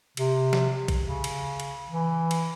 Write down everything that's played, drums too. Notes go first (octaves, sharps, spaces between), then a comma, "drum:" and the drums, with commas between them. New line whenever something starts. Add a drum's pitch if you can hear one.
C3, drum: cymbal
drum: snare
drum: kick A#1, cymbal
C#3
drum: cymbal
drum: cymbal
E3
drum: cymbal